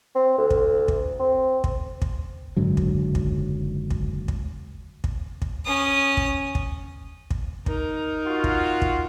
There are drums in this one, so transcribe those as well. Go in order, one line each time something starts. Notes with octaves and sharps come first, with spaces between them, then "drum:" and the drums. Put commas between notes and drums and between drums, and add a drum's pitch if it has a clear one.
C4
D2
drum: kick
drum: kick
C4
drum: kick
drum: kick
F#1 G#2 D3 F#3
drum: kick
drum: kick
drum: kick
drum: kick
drum: kick
drum: kick
C#4 D#6
drum: kick
drum: kick
drum: kick
D#4 A#4, drum: kick
F4 F#4
drum: kick
drum: kick